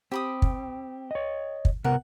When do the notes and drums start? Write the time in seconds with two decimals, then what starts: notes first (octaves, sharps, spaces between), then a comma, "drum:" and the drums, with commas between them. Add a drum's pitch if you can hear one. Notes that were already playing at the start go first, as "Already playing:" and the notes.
0.12 C4 G4 B5 D#6
0.42 drum: kick
1.11 C#5 D#5
1.65 drum: kick
1.84 C3 B3 A#4 F#5